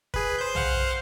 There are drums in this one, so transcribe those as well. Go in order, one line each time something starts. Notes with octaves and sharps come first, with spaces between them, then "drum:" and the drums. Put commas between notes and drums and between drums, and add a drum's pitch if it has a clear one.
G#4 B4, drum: kick
C5 G6
C5 F5 F#5, drum: tom B1